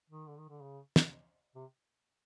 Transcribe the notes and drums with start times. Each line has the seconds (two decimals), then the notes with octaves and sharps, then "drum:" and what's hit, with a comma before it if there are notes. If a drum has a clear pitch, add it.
0.10 D#3
0.27 D3
0.38 D#3
0.49 D3
0.61 C#3
0.96 drum: snare
1.55 C3